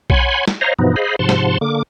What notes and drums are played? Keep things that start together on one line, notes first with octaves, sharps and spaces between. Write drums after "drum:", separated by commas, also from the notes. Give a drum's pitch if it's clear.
C#5 F#5 G#5 B5 C6, drum: kick B1
drum: snare
C5 C#5 D#5 F5 A#5
G2 B2 E3 F3 B3 D#4
G#4 C5 D#5 F5 B5
G#2 C3 F3 F#5 A5 C6
drum: snare
D3 A#3 D6